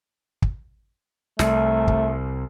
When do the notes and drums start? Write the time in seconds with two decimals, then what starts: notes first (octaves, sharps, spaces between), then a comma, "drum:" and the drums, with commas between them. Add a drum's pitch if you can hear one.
0.42 drum: kick
1.39 C2 A3, drum: snare
1.88 drum: kick